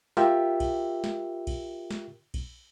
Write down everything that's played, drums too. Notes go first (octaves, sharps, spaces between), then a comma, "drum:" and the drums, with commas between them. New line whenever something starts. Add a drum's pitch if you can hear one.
F4 G4 A#4 E5 G5, drum: snare
drum: kick A#1, cymbal
drum: snare
drum: kick A#1, cymbal
drum: snare
drum: kick A#1, cymbal